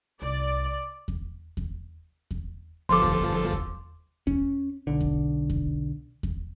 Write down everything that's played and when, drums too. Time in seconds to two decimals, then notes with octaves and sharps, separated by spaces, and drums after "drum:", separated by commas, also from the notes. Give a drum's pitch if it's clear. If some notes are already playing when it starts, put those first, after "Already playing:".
0.22 C2 D5
1.08 drum: kick E2
1.57 drum: kick E2
2.31 drum: kick E2
2.89 G1 F3 A4 C6 D6
3.04 drum: kick E2
3.53 drum: kick E2
4.27 C#4, drum: kick E2
4.87 B1 D3
5.01 drum: kick E2
5.50 drum: kick E2
6.23 drum: kick E2